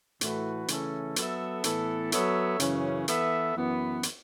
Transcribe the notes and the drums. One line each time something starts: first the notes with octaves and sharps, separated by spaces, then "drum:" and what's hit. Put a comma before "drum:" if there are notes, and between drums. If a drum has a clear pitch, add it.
A2 E3 A3 F#4 B4, drum: hi-hat
C#3 E3 A3 C#4 A4, drum: hi-hat
F#3 B3 A4 E5, drum: hi-hat
A2 E3 B3 A4, drum: hi-hat
F#3 B3 A4 C#5 E5, drum: hi-hat
F#2 C#3 E3 C#4, drum: hi-hat
E3 B3 A4 E5, drum: hi-hat
F#2 E3 B3
drum: hi-hat